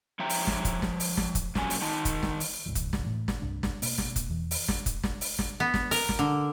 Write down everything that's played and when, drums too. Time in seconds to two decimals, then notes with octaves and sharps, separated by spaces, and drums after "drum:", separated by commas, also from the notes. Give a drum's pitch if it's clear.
0.19 F3 C#5 E5 G5 A#5
0.30 drum: open hi-hat
0.47 drum: snare
0.65 drum: kick, hi-hat
0.82 drum: snare
1.00 drum: open hi-hat
1.17 drum: snare
1.35 drum: kick, hi-hat
1.55 A#2 F#3 C#4 G#5, drum: snare
1.70 drum: open hi-hat
1.82 D#3 D#4 D#5 A5
2.05 drum: kick, hi-hat
2.23 drum: snare
2.40 drum: open hi-hat
2.66 C#2 G#2 F3
2.75 drum: kick, hi-hat
2.93 drum: snare
3.04 A2 E3
3.28 drum: snare
3.42 C2 G2 D4
3.63 drum: snare
3.82 B2 A#3, drum: open hi-hat
3.98 drum: snare
4.16 drum: kick, hi-hat
4.29 E2 E3
4.51 drum: open hi-hat
4.68 drum: snare
4.86 drum: kick, hi-hat
5.03 drum: snare
5.21 drum: open hi-hat
5.39 drum: snare
5.60 B3
5.74 drum: snare
5.91 A#4, drum: open hi-hat
6.09 drum: snare
6.19 D3